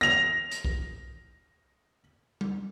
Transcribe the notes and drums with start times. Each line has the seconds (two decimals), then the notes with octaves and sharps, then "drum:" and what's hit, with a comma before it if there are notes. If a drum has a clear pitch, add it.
0.01 A#6 F7
0.51 drum: hi-hat
0.65 drum: kick
2.41 drum: tom G3